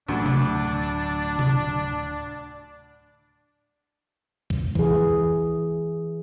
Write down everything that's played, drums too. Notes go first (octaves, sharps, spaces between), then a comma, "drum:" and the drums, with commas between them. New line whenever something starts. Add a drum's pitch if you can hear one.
D1 D2 D4, drum: hi-hat
drum: tom C3
drum: tom C3
drum: kick
E3 G#4, drum: kick